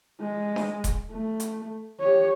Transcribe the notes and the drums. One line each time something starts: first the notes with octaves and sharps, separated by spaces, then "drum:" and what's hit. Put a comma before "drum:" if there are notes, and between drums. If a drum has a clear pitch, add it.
G#3
drum: snare D4
drum: kick D#1, hi-hat
A3
drum: hi-hat
G4 C#5